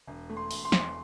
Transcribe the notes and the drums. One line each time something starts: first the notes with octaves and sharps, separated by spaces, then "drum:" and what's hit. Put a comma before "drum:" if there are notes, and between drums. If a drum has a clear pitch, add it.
E1
A3
C6
E1, drum: open hi-hat
C6
E2, drum: snare